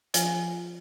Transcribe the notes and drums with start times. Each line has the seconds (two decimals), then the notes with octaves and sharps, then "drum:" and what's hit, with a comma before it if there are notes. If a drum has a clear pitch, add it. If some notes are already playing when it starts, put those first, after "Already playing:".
0.14 F3 F4 G#5 A#6, drum: hi-hat